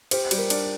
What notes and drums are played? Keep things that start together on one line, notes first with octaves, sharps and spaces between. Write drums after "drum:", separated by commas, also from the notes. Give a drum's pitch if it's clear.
G4 C5, drum: cymbal
G3, drum: cymbal
A#4
D4, drum: cymbal